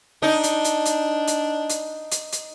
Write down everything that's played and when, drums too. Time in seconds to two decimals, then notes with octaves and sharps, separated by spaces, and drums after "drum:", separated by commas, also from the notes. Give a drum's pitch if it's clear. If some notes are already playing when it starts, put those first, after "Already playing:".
0.22 D4 D#4
0.43 drum: hi-hat
0.64 drum: hi-hat
0.85 drum: hi-hat
1.27 drum: hi-hat
1.69 drum: hi-hat
2.11 drum: hi-hat
2.32 drum: hi-hat